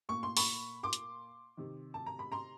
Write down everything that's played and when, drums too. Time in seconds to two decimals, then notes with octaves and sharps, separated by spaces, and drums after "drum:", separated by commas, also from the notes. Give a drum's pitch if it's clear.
0.09 A#2 C#6
0.23 C6
0.37 B5 C#6, drum: open hi-hat
0.83 C6 D6
0.93 drum: hi-hat
1.57 C3 D#3
1.94 A5
2.06 A#5
2.19 B5
2.32 A#5 C6